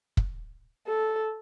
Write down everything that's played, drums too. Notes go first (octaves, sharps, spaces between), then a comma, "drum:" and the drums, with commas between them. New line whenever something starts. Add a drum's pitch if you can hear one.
drum: kick
A4